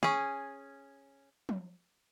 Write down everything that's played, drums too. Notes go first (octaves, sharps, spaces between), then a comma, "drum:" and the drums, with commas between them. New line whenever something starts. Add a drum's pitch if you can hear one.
C#4 G#4, drum: snare
drum: tom F3